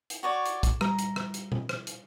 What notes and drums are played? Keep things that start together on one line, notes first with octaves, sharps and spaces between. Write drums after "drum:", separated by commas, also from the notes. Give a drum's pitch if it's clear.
drum: hi-hat
F#4 C#5 D5
drum: hi-hat
drum: kick, hi-hat
G3 A#5, drum: rim click
drum: hi-hat
drum: rim click
drum: hi-hat
drum: tom B2
drum: rim click
drum: hi-hat